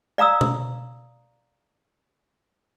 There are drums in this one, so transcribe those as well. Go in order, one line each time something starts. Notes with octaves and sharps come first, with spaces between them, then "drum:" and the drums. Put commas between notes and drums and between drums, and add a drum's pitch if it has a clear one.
D5 F5 A#5 D#6 E6
drum: tom B2